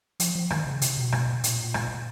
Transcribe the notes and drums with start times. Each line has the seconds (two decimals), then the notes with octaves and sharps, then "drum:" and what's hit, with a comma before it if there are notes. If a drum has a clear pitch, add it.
0.20 F3, drum: hi-hat
0.35 F3
0.50 D#3, drum: rim click
0.66 C#3
0.82 C3, drum: hi-hat
0.97 B2
1.12 drum: rim click
1.44 A#2, drum: hi-hat
1.74 drum: rim click